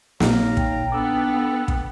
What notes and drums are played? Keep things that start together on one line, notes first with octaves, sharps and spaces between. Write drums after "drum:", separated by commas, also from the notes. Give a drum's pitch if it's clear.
A#1 A#2 D#4 C#5 F5 A#5, drum: snare
G5, drum: kick
B3 D4 A4 D6 E6
drum: kick